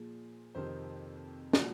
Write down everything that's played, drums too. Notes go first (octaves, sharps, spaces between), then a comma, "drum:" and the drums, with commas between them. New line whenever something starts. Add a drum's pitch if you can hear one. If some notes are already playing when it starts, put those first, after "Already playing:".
Already playing: A#2 F3 G#4
F2 C3 D#3 C5
A#2 F3 F#4, drum: snare